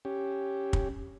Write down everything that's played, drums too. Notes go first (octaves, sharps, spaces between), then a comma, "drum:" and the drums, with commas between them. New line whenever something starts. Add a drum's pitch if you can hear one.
C#4 G4
drum: kick